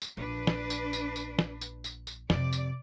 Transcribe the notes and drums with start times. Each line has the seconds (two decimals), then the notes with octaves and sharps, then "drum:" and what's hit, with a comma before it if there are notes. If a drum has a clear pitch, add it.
0.02 drum: tambourine
0.17 A#1 D4 B4
0.47 drum: snare
0.70 drum: tambourine
0.93 drum: tambourine
1.16 drum: tambourine
1.39 drum: snare
1.61 drum: tambourine
1.84 drum: tambourine
2.07 drum: tambourine
2.30 F2 C3 D5, drum: snare
2.53 drum: tambourine